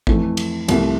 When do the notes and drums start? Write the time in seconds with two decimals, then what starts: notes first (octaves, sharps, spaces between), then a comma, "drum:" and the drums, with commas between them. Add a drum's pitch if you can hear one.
0.07 F2 E3 A3, drum: kick G#1
0.37 drum: cymbal
0.68 C2 C3 F3 A3 E4, drum: cymbal